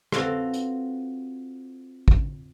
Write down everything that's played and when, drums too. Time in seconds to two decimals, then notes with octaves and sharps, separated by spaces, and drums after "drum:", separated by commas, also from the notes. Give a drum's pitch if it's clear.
0.12 C4 F4 F#4 A4 B4, drum: rim click
0.54 drum: hi-hat
2.08 drum: kick